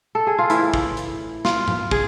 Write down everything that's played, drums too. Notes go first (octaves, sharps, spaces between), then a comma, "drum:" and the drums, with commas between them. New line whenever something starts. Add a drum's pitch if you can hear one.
A4
G#4
F4
A2 E3 E4, drum: hi-hat
drum: kick
drum: hi-hat
F4, drum: snare
drum: tom G#2
G#4, drum: kick